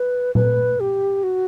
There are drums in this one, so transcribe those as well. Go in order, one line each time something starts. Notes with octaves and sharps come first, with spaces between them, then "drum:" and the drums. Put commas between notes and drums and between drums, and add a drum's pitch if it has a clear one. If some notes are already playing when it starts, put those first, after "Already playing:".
Already playing: B4
B4, drum: tom A#2
G4
F#4